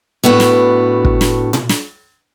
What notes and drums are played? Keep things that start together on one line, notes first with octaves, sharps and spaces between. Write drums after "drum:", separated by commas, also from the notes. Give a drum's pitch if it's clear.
A2 B3 D4 F#4
drum: snare
drum: kick
drum: snare
drum: tom A#2
drum: snare